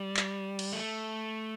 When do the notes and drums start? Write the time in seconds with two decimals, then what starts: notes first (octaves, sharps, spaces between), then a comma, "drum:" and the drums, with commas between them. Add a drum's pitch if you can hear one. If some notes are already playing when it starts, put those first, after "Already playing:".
Already playing: G3
0.17 drum: clap
0.59 drum: cymbal
0.73 A3